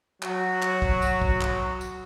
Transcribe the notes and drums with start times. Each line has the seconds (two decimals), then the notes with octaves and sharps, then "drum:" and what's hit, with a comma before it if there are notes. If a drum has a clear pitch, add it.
0.23 F#3 F#4, drum: clap
0.62 drum: clap
0.82 drum: kick
1.02 drum: tambourine
1.22 drum: kick
1.41 drum: clap
1.81 drum: tambourine